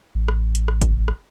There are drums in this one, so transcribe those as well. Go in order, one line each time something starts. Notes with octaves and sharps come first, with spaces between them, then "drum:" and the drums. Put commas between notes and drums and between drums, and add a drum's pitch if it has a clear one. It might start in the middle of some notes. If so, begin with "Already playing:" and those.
A1
drum: rim click
drum: hi-hat
drum: rim click
drum: kick, hi-hat
drum: rim click